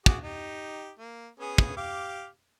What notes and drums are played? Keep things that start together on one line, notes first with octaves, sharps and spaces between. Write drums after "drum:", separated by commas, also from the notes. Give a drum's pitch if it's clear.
F#4 G#4 D6, drum: kick
D#4 G4
A#3
B3 C#4 G#4
drum: kick
G4 F5 D6